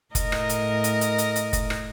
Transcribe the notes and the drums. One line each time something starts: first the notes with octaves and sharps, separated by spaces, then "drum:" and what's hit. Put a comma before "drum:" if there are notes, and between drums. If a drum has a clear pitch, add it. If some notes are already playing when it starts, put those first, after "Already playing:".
A2 A#4 D#5, drum: kick F#1, hi-hat
drum: rim click
drum: hi-hat
drum: hi-hat
drum: hi-hat
drum: hi-hat
drum: hi-hat
drum: kick F#1, hi-hat
drum: rim click